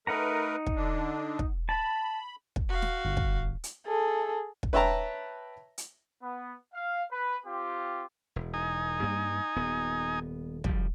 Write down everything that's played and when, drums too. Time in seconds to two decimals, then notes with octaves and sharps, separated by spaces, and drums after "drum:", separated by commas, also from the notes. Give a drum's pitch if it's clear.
0.07 A3 D#4 A#4 B4 F#5 A#5
0.66 drum: kick
0.75 D3 D4
1.39 drum: kick
1.69 A5 B5
2.56 drum: kick
2.69 F#4 F5
2.82 drum: snare
3.05 G1
3.17 drum: kick
3.64 drum: hi-hat
3.86 G#4 A4
4.63 drum: kick
4.73 B4 C#5 E5 G5 A5 A#5
5.78 drum: hi-hat
6.22 B3
6.74 F5
7.12 B4
7.46 C4 F4 G4
8.36 E1
8.54 D#4 G#5
9.02 G2 G3 A#3
9.56 D#1 B3
10.64 F#1 F3 G3, drum: kick